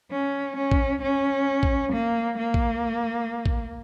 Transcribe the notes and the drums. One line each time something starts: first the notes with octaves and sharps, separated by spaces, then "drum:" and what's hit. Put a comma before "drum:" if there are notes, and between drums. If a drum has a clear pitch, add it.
C#4
C#4
drum: kick
C#4
drum: kick
A#3
A#3
drum: kick
drum: kick